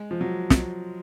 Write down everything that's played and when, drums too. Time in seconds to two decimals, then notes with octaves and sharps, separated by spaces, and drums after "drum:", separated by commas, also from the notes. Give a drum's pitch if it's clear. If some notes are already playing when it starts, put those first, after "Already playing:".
Already playing: G#3
0.11 F3
0.21 F#3
0.50 drum: snare